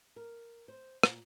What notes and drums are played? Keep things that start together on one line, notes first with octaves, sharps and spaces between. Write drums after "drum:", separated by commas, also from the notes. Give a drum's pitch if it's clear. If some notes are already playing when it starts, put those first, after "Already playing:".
A#4
C5
A#2, drum: rim click